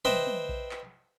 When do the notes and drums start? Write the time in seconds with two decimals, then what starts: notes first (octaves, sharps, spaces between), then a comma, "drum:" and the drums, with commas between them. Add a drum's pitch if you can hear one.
0.05 B4 C5 D#5 E5 G5, drum: tom
0.27 drum: tom
0.49 drum: kick A#1
0.71 drum: clap